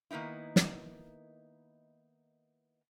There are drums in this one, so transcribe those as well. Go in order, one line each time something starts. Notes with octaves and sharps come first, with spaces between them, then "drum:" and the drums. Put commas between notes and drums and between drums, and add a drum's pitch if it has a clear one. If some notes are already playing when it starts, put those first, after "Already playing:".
D#3 A#3 B3 D#4 E4
drum: snare